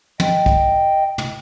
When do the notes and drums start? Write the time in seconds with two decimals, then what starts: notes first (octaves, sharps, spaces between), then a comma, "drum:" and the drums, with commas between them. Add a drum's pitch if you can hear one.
0.20 D#5 G5, drum: tom
0.46 drum: kick
1.18 drum: tom